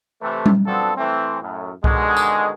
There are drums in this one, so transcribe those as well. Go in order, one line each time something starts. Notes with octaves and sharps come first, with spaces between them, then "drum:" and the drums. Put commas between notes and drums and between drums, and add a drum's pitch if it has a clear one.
C3 E3 A3
drum: tom G3
B3 C4 D4 F4 F#4 A4
E3 A3 C4
F#2 A2
B2 D3 D#3 G#3, drum: kick C2
drum: tambourine